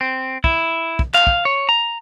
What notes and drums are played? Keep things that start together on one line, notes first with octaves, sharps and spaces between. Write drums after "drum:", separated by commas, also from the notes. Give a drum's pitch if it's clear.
C4
E4, drum: kick
drum: kick
F5, drum: clap
drum: kick
C#5
A#5